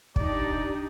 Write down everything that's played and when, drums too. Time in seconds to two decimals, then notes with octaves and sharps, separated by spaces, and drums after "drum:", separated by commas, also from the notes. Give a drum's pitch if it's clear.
0.16 D4 D#4 G4 D5, drum: kick